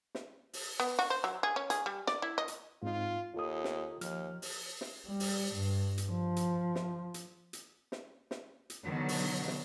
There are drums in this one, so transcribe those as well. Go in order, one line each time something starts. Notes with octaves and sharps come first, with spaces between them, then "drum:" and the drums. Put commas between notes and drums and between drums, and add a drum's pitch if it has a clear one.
drum: snare
drum: open hi-hat
B3
F#4
C5
F#3
G#4
C#4
G#4, drum: hi-hat
G3
D5, drum: snare
E4
D#5
drum: hi-hat
G#2 C4 D#4 F4
D#2 F4 A4 D#6
drum: snare
D#2 F3 F6, drum: hi-hat
drum: open hi-hat
drum: snare
G3
drum: open hi-hat
G2
drum: hi-hat
F3
drum: hi-hat
drum: snare
drum: hi-hat
drum: hi-hat
drum: snare
drum: snare
drum: hi-hat
B2 D3 D#3 F#3
drum: open hi-hat
drum: snare